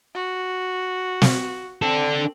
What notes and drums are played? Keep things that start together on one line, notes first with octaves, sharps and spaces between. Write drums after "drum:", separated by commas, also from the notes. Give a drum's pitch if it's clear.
F#4
drum: snare
C4 D4 A4